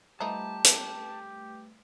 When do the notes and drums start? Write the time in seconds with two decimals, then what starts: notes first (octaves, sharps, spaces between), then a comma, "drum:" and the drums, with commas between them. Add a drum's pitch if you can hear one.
0.20 F3 G3 A3 D#4 E4 G4 B4 A5
0.64 drum: hi-hat